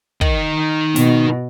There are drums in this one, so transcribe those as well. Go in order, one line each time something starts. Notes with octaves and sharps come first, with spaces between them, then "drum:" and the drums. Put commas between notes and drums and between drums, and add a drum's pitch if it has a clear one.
D#4 A#4, drum: kick
B2, drum: snare